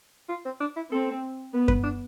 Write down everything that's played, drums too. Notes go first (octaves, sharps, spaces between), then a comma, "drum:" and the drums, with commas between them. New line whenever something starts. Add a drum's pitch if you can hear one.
F4
C4
D4
E4
C4 A4
B3 B4
B4, drum: kick F#2
D4